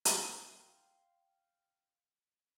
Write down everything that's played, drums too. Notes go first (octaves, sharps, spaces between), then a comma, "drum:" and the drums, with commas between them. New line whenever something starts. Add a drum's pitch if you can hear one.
drum: hi-hat
F5 G5 C6